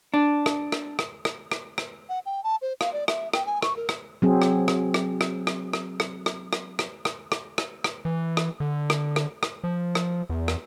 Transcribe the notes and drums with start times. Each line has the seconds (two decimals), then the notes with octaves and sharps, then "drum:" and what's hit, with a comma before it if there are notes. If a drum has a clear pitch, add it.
0.14 D4
0.46 drum: rim click
0.72 drum: rim click
0.99 drum: rim click
1.25 drum: rim click
1.52 drum: rim click
1.78 drum: rim click
2.09 F#5
2.26 G5
2.44 A5
2.62 C5
2.81 F5, drum: rim click
2.93 D5
3.08 E5, drum: rim click
3.33 G5, drum: rim click
3.46 G#5
3.62 C#6, drum: rim click
3.76 A#4
3.89 drum: rim click
4.22 F#3 C4 G#4
4.42 drum: rim click
4.68 drum: rim click
4.94 drum: rim click
5.21 drum: rim click
5.47 drum: rim click
5.73 drum: rim click
6.00 drum: rim click
6.26 drum: rim click
6.53 drum: rim click
6.79 drum: rim click
7.05 drum: rim click
7.32 drum: rim click
7.58 drum: rim click
7.84 drum: rim click
8.05 E3
8.37 drum: rim click
8.60 D3
8.90 drum: rim click
9.16 drum: rim click
9.43 drum: rim click
9.64 F3
9.95 drum: rim click
10.30 E2
10.48 drum: rim click